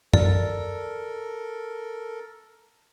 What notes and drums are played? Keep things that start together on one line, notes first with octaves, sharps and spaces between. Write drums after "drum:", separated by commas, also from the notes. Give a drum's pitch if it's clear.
A4 A#4 D5, drum: tom F#2